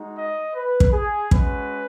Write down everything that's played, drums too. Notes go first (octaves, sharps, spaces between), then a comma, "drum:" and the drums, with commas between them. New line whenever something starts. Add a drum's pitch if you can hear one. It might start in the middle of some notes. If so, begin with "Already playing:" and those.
Already playing: G#3 D#4 F#4
D#5
B4
drum: kick
G#4
G#3 C#4 F#4 B4, drum: kick